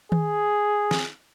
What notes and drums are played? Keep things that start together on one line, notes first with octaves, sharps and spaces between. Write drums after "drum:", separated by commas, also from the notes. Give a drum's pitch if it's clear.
G#4, drum: tom D#3
drum: snare